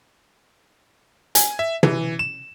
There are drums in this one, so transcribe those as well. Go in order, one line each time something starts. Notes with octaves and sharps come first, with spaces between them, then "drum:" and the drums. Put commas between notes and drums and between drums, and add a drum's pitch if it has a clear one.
G#5, drum: hi-hat
E5
E3, drum: tom
E7